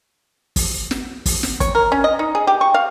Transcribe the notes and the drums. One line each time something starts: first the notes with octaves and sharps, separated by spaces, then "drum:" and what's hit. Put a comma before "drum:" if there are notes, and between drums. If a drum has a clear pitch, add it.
drum: kick, open hi-hat
drum: snare
drum: kick, open hi-hat
drum: snare
C#5, drum: kick, hi-hat
A#4
C#4
D#5
D#4
G#4
G4
C#6
F5